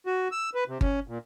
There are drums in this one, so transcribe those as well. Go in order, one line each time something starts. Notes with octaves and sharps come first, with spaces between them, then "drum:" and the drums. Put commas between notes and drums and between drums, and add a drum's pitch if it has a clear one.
F#4
E6
B4
C3
C#4, drum: kick G1
A#2